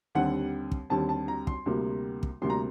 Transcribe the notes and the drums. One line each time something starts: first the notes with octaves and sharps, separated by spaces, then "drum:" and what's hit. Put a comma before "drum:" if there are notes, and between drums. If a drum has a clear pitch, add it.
D#2 D3 G3 C4 F#5
drum: kick
D#2 D3 G3 C4 A5
A5
A#5
C6, drum: kick
D2 C3 G3 A#3
drum: kick
D2 C3 G3 A#3 C6
A#5